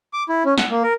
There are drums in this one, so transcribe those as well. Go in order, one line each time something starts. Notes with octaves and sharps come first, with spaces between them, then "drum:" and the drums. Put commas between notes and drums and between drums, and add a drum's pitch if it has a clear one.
D6
E4
C#4
F#5, drum: snare
A#3
A#4